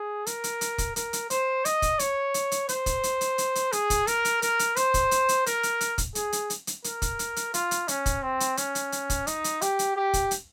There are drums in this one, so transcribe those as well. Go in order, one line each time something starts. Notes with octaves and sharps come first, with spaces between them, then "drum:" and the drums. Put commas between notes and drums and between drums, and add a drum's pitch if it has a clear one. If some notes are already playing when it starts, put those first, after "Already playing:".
Already playing: G#4
A#4, drum: hi-hat
drum: hi-hat
drum: hi-hat
drum: kick, hi-hat
A#4, drum: hi-hat
drum: hi-hat
C5, drum: hi-hat
D#5, drum: hi-hat
drum: kick, hi-hat
C#5, drum: hi-hat
drum: hi-hat
drum: hi-hat
C5, drum: hi-hat
drum: kick, hi-hat
drum: hi-hat
drum: hi-hat
drum: hi-hat
drum: hi-hat
G#4, drum: hi-hat
drum: kick, hi-hat
A#4, drum: hi-hat
drum: hi-hat
A#4, drum: hi-hat
drum: hi-hat
C5, drum: hi-hat
drum: kick, hi-hat
drum: hi-hat
drum: hi-hat
A#4, drum: hi-hat
drum: hi-hat
drum: hi-hat
drum: kick, hi-hat
G#4, drum: hi-hat
drum: hi-hat
drum: hi-hat
drum: hi-hat
A#4, drum: hi-hat
drum: kick, hi-hat
drum: hi-hat
drum: hi-hat
F4, drum: hi-hat
drum: hi-hat
C#4, drum: hi-hat
drum: kick, hi-hat
C4
drum: hi-hat
C#4, drum: hi-hat
drum: hi-hat
drum: hi-hat
drum: kick, hi-hat
D#4, drum: hi-hat
drum: hi-hat
G4, drum: hi-hat
drum: hi-hat
G4
drum: kick, hi-hat
drum: hi-hat